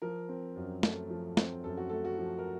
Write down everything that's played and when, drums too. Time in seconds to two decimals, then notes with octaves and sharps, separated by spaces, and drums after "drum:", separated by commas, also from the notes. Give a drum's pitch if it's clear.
0.02 F3 A#4
0.29 C4
0.56 F#2
0.83 A3, drum: snare
1.10 F3
1.37 C4, drum: snare
1.64 F#2 A4
1.77 F#4
1.89 A3 A4
2.05 F#4
2.18 F3
2.38 A#4